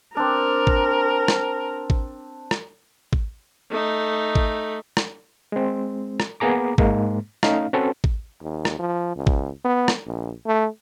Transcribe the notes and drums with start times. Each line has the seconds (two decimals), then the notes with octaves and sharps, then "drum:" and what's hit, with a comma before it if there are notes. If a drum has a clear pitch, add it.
0.17 C4 D4 A#4
0.67 drum: kick A1
1.28 drum: rim click
1.90 drum: kick A1
2.51 drum: rim click
3.13 drum: kick A1
3.70 A3 D#4
4.35 drum: kick A1
4.97 drum: rim click
5.52 G#3 C4
6.20 drum: rim click
6.40 A#3 B3 G#4 A#5 D6
6.78 G#2 G#3 A#3, drum: kick A1
7.43 A3 C#4 D#4 F5, drum: rim click
7.73 C4 C#4 F#4 A4 B4
8.04 drum: kick A1
8.42 D#2
8.65 drum: rim click
8.79 F3
9.16 C#2
9.27 drum: kick A1
9.64 B3
9.88 drum: rim click
10.06 A#1
10.46 A3